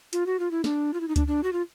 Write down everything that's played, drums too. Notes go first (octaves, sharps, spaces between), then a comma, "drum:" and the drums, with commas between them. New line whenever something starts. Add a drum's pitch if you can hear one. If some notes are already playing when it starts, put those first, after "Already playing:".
F4, drum: hi-hat
F#4
F4
E4
D4, drum: snare
F4
E4
D#4
D4, drum: kick C#2, hi-hat
D4
F#4
F4